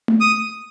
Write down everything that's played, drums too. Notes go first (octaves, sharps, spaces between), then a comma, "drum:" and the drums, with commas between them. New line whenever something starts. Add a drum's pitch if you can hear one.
drum: tom A3
D#6